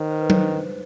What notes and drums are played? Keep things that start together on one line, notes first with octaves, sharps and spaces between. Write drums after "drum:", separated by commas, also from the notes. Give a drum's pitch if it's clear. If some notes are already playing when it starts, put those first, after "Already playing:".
Already playing: D#3 C5
C5
B4
C5, drum: tom F#3